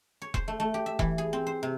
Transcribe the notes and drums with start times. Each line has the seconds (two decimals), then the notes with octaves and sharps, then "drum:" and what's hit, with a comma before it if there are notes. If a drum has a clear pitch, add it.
0.22 C#5
0.34 C5, drum: kick E1
0.48 A3
0.60 A3
0.74 G4
0.86 E5
0.99 E3, drum: kick E1
1.18 G#4
1.33 C4
1.47 C5
1.63 C3